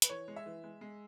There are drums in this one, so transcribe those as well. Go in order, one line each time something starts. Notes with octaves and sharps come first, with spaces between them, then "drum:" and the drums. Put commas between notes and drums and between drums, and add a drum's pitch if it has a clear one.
B4, drum: hi-hat
E3 C#5
G#3
E5
E3
G#3
G#3